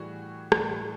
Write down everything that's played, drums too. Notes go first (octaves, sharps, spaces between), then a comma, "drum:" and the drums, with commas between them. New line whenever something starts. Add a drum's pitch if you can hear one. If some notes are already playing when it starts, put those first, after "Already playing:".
Already playing: A2 E3 G3 F#4 G#4
A2 E3 G3, drum: rim click